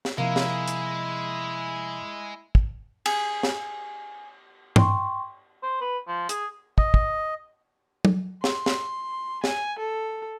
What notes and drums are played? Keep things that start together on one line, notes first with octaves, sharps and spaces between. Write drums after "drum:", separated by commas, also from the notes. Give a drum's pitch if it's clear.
drum: snare
C3 F3 G#3 A#3 E4
drum: snare
drum: hi-hat
drum: kick
G#4, drum: cymbal
drum: snare
G5 C6 C#6, drum: tom G2
C5
B4
F3
G#4, drum: hi-hat
D#5, drum: kick
drum: kick
drum: tom F#3
C6, drum: snare
drum: snare
G#5, drum: snare
A4